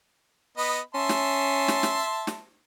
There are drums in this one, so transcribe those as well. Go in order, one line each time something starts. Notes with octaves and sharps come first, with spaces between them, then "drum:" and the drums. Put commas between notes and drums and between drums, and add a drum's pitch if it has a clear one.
B3 D#5 B5
C#4 E5 A5 C6
drum: snare
drum: snare
drum: snare
drum: snare